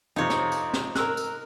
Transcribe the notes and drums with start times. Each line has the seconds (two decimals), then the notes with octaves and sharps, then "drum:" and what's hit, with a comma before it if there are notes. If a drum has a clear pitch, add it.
0.16 F2 C3 D#4 C#5
0.30 drum: snare
0.52 drum: tambourine
0.74 drum: snare
0.95 A#4 E6 F#6, drum: snare
1.17 drum: tambourine